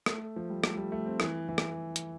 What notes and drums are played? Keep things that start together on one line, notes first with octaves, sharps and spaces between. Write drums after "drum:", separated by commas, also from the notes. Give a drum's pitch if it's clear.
A3, drum: rim click
F3
G3
A3, drum: rim click
G3
A3
C4
E3, drum: rim click
E3
drum: rim click
drum: hi-hat